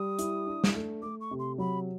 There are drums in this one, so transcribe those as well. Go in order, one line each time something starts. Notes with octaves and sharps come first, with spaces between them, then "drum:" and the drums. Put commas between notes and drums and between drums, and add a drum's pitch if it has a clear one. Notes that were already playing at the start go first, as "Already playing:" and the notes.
Already playing: G3 D#6
E4, drum: hi-hat
D4
drum: snare
A3
A3 D6
C#6
C3
C6
F#3 B5